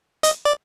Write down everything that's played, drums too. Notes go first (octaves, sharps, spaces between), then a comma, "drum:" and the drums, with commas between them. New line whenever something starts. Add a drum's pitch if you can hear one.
D#5, drum: hi-hat
D5